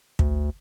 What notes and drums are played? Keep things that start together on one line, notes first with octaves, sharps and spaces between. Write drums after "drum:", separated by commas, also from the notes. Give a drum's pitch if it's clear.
D2, drum: kick